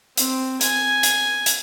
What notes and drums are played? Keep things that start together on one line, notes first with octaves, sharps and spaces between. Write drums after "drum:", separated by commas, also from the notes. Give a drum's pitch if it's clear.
C4, drum: hi-hat
G#5, drum: hi-hat
drum: hi-hat
drum: hi-hat